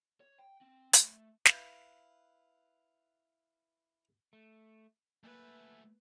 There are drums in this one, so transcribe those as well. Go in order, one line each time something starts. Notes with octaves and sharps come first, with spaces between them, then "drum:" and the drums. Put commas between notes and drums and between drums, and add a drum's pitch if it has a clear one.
C#5
G5
C4
A3, drum: hi-hat
E4 B4 F5, drum: snare
A3
F#3 A3 A#3 B4 E5 G#5